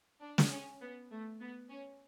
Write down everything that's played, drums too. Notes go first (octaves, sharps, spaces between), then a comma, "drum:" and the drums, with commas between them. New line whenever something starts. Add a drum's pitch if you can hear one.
D4
drum: snare
C#4
B3
A3
B3
C#4